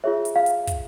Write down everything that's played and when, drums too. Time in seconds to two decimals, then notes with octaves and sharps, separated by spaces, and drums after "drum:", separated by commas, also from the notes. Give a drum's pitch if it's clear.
0.04 F4 G#4 C#5 E5
0.25 drum: hi-hat
0.36 F5
0.46 drum: hi-hat
0.67 drum: kick, hi-hat